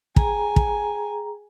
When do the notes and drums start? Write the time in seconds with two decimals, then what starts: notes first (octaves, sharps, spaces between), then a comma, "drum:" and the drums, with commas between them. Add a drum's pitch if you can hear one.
0.16 G#4 G5 G#5 A#5, drum: kick
0.56 drum: kick